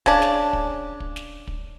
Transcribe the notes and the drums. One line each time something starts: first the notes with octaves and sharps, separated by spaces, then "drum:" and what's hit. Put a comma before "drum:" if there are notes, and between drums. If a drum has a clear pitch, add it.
C#3 D4, drum: kick
drum: snare
drum: kick
drum: kick
drum: snare
drum: kick